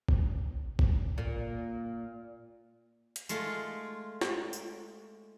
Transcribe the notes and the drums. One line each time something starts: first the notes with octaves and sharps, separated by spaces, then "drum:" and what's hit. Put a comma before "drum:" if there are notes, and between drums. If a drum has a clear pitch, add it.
drum: kick
drum: kick
A#2
drum: hi-hat
G#3 A3 F4, drum: tambourine
drum: snare
drum: tambourine